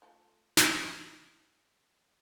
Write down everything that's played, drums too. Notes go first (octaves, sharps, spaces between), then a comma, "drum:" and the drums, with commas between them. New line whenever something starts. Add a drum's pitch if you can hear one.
A3 F4 A4
drum: snare